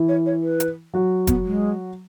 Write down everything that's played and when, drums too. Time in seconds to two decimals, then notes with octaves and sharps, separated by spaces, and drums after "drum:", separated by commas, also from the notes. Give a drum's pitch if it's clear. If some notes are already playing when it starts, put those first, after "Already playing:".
Already playing: E3 E4
0.08 C#5
0.26 C#5
0.42 B4
0.60 drum: hi-hat
0.94 F#3 F#4
1.27 B3, drum: kick F1, hi-hat
1.45 G#3